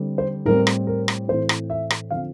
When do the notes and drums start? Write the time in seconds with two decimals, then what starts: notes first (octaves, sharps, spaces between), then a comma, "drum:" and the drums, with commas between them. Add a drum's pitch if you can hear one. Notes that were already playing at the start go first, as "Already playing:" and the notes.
Already playing: D3 G3 C4
0.18 C5
0.45 A2 G3 C4 A#4
0.67 drum: rim click
0.87 A#4
1.08 drum: rim click
1.28 A2 E3 A3 C4 C5
1.49 drum: rim click
1.70 E5
1.90 drum: rim click
2.10 D3 F3 C4 F5